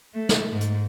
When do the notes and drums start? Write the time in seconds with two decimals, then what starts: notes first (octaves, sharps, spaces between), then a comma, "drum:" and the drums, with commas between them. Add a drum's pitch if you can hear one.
0.13 A3
0.29 drum: snare
0.51 G#2
0.61 drum: hi-hat